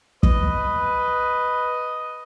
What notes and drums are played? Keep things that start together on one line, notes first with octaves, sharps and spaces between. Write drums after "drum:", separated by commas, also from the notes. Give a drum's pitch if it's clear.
B4 D#5, drum: kick